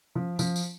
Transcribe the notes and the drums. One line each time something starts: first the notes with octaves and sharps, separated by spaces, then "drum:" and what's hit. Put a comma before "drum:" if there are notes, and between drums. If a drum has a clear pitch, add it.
F3
F3, drum: tambourine
drum: tambourine